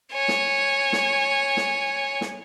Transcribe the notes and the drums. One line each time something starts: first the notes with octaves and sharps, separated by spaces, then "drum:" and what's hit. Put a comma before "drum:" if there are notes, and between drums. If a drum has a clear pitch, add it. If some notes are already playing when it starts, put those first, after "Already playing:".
C#5 G#5
drum: snare
drum: snare
drum: snare
drum: snare